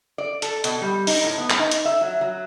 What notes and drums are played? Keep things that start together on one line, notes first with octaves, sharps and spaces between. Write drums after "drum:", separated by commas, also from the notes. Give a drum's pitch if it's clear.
D5
A4, drum: hi-hat
B2, drum: hi-hat
G3
D#4, drum: open hi-hat
A2
B3
drum: clap
D#4
drum: hi-hat
E5
F#3
F#3